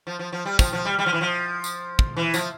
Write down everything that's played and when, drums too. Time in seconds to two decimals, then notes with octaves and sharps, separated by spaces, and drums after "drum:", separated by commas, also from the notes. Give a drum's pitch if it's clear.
0.07 F3
0.19 F3
0.32 F3
0.45 G3
0.59 F3, drum: kick, tambourine
0.73 F3
0.85 G3
0.99 G3
1.06 F3
1.13 E3
1.21 F3
1.64 drum: tambourine
1.99 drum: kick
2.17 E3
2.34 F3, drum: tambourine